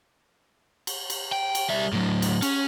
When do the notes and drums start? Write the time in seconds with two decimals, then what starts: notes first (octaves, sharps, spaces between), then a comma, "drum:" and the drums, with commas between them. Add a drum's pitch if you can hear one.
0.87 drum: cymbal
1.10 drum: cymbal
1.32 G5
1.55 drum: cymbal
1.70 G3 E5
1.93 A2 F#3
2.22 drum: cymbal
2.42 C#4, drum: cymbal